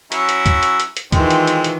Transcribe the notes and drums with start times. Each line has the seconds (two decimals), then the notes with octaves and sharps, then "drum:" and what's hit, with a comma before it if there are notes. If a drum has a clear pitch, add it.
0.12 F#3 C#4 E4, drum: hi-hat
0.29 drum: hi-hat
0.46 drum: kick C#2, hi-hat
0.63 drum: hi-hat
0.80 drum: hi-hat
0.97 drum: hi-hat
1.12 D#3 E3 G#3 C4 F4, drum: kick C#2, hi-hat
1.31 drum: hi-hat
1.47 drum: hi-hat
1.64 drum: hi-hat